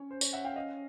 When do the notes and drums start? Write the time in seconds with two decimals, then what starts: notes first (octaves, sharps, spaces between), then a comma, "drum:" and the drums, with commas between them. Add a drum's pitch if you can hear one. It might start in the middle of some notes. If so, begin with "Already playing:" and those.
Already playing: C#4 C#5
0.11 C5
0.21 C#5, drum: tambourine
0.33 E5 F#5
0.44 F5 G5
0.56 D#5 F5